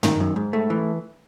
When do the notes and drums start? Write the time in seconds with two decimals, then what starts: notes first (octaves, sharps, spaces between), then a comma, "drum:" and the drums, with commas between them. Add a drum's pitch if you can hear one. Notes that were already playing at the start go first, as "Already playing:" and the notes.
0.03 D#3, drum: tom
0.20 F#2
0.36 G#2
0.53 A3
0.70 E3